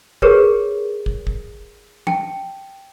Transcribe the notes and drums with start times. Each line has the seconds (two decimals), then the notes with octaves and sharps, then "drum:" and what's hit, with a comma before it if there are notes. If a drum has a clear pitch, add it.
0.22 G4 G#4 A#4 B4 C#5, drum: kick
1.06 drum: kick
1.27 drum: kick
2.07 G5 A5, drum: tom